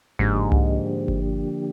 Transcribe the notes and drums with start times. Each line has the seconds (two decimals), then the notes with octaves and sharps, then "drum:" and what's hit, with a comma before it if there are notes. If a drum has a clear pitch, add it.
0.19 G#2 D3 F3 A#3 D4 G4, drum: kick G1
0.52 drum: tom C2
1.08 drum: kick G1